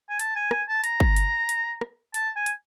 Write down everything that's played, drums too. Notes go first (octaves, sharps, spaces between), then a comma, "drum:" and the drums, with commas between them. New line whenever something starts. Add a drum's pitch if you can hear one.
G#5
A5, drum: hi-hat
G#5
G#5, drum: rim click
A5
A#5, drum: hi-hat
drum: kick
drum: hi-hat
drum: hi-hat
drum: rim click
A5, drum: hi-hat
G#5
drum: hi-hat